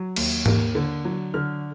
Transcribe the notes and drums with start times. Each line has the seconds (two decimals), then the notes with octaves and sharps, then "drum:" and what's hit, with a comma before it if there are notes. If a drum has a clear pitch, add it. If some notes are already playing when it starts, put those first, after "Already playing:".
Already playing: F#3
0.16 D#2, drum: cymbal
0.46 A#3, drum: tom G#2
0.75 D3
1.05 F#3
1.34 D3 F6